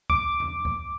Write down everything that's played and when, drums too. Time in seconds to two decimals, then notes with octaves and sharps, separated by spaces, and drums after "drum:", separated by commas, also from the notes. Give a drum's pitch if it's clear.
0.10 D6, drum: kick C2
0.40 drum: tom E2
0.65 drum: kick C2